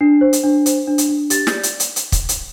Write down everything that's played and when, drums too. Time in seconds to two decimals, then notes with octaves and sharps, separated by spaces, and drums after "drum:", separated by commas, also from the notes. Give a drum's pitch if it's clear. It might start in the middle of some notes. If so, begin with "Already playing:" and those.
0.01 D4 C7
0.21 C5
0.33 drum: hi-hat
0.44 D4
0.66 C5, drum: hi-hat
0.87 D4
0.98 drum: hi-hat
1.09 D4
1.30 G4 A6, drum: hi-hat
1.47 G6, drum: snare
1.53 D5
1.63 drum: hi-hat
1.80 drum: hi-hat
1.96 drum: hi-hat
2.12 drum: kick, hi-hat
2.29 drum: hi-hat